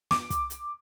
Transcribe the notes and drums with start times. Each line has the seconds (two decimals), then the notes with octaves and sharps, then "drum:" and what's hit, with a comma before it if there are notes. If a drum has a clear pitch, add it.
0.11 D6, drum: snare
0.30 drum: kick, hi-hat
0.50 drum: hi-hat